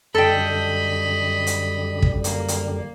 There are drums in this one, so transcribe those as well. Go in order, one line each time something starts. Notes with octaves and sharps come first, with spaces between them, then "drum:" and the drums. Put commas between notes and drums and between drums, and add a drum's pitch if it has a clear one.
F#2 D3 G3 A4 D#5 G5 B5
drum: hi-hat
drum: kick
A#3, drum: hi-hat
drum: hi-hat